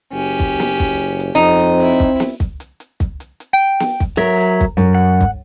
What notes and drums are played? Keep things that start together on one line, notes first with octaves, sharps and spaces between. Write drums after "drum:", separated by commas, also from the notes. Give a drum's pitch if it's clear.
F#1 C#4 G4
drum: kick, hi-hat
drum: snare
drum: kick, hi-hat
drum: hi-hat
drum: hi-hat
F2 C4 D#4
drum: hi-hat
E4, drum: hi-hat
drum: kick, hi-hat
drum: snare
drum: kick, hi-hat
drum: hi-hat
drum: hi-hat
drum: kick, hi-hat
drum: hi-hat
drum: hi-hat
G5
drum: snare
drum: kick, hi-hat
F#3 A#4 C#5 E5
drum: hi-hat
drum: kick, hi-hat
F#2
F#5
drum: kick, hi-hat